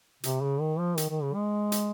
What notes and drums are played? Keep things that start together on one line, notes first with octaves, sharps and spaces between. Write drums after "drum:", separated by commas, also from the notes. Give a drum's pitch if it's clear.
C3, drum: hi-hat
C#3
D#3
F3
D#3, drum: hi-hat
D#3
C#3
G#3
drum: hi-hat